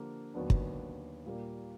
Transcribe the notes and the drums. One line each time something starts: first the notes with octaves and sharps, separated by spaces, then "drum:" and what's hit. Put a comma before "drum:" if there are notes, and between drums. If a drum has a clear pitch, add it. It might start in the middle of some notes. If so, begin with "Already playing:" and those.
Already playing: D3 F3 A#3 D4 G4
D#2 D3 F#3 B3 D4
drum: kick
A#2 G3 A#3